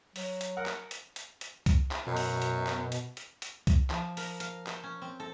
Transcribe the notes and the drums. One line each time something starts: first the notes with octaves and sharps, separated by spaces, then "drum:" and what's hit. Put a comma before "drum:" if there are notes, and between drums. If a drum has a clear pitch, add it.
F#3, drum: open hi-hat
drum: hi-hat
A#4 F#5
drum: clap
drum: hi-hat
drum: hi-hat
drum: hi-hat
drum: kick C2, hi-hat
drum: clap
F#2 B2
drum: open hi-hat
drum: hi-hat
drum: clap
drum: hi-hat
drum: hi-hat
drum: hi-hat
drum: kick C2, hi-hat
F3, drum: clap
A#4, drum: open hi-hat
F5, drum: hi-hat
C5, drum: clap
C#4
C4
A4